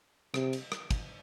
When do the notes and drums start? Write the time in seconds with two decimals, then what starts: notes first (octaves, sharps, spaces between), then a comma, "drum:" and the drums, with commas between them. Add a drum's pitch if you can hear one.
0.34 C3, drum: rim click
0.53 drum: cymbal
0.72 drum: rim click
0.91 drum: kick, cymbal